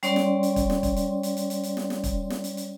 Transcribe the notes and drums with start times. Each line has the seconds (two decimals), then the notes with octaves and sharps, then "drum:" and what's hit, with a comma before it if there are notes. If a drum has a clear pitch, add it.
0.03 G3 C#4 C#5 D5 C6, drum: hi-hat
0.16 drum: snare
0.43 drum: hi-hat
0.56 drum: kick, hi-hat
0.70 drum: snare
0.83 drum: kick, hi-hat
0.96 drum: hi-hat
1.23 drum: hi-hat
1.37 drum: hi-hat
1.50 drum: hi-hat
1.63 drum: hi-hat
1.77 drum: snare
1.90 drum: snare
2.04 drum: kick, hi-hat
2.30 drum: snare
2.44 drum: hi-hat
2.57 drum: hi-hat